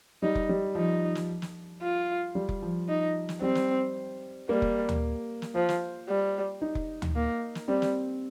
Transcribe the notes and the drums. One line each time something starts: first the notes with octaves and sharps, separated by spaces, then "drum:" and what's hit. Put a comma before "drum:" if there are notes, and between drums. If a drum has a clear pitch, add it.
G3 D#4
drum: kick F1
G3
F3 D#4
drum: snare
drum: snare
F4
G3
drum: kick F1
F3
D#4
drum: snare
G3 C4
drum: snare
G3 A#3
drum: kick F1
drum: tom D2
drum: snare
F3 C5
drum: snare
G3
D#4
drum: kick F1
drum: tom D2
A#3
drum: snare
G3 C4
drum: snare